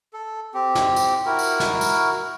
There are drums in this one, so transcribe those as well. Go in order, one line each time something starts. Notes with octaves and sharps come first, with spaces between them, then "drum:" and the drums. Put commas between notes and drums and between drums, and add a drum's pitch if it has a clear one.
A4
C4 G4
drum: snare
drum: tambourine
E4 F#4 A#4
drum: tambourine
drum: snare
drum: tambourine